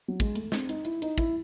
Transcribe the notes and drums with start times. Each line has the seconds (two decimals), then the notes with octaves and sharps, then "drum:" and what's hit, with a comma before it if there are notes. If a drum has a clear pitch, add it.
0.08 F#3
0.20 G#3, drum: kick, hi-hat
0.35 A3, drum: hi-hat
0.52 C4, drum: snare
0.69 D#4, drum: hi-hat
0.85 E4, drum: hi-hat
1.02 D#4, drum: hi-hat
1.18 E4, drum: kick, hi-hat